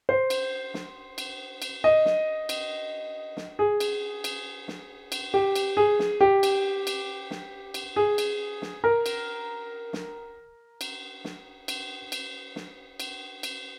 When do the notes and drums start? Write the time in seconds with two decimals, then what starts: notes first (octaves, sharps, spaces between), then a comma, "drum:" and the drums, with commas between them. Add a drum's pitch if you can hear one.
0.09 C5
0.30 drum: cymbal
0.74 drum: snare
1.18 drum: cymbal
1.62 drum: cymbal
1.84 D#5
2.05 drum: snare
2.49 drum: cymbal
3.37 drum: snare
3.59 G#4
3.80 drum: cymbal
4.24 drum: cymbal
4.68 drum: snare
5.12 drum: cymbal
5.34 G4
5.56 drum: cymbal
5.77 G#4
5.99 drum: snare
6.21 G4
6.43 drum: cymbal
6.87 drum: cymbal
7.31 drum: snare
7.74 drum: cymbal
7.96 G#4
8.18 drum: cymbal
8.62 drum: snare
8.84 A#4
9.06 drum: cymbal
9.93 drum: snare
10.81 drum: cymbal
11.24 drum: snare
11.68 drum: cymbal
12.12 drum: cymbal
12.56 drum: snare
13.00 drum: cymbal
13.43 drum: cymbal